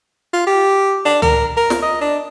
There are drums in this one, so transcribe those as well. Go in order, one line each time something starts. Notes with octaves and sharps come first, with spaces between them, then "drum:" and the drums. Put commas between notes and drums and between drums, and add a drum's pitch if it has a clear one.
F4
G4
D4
A#4, drum: tom C#2
A#4
drum: snare
D#5
D4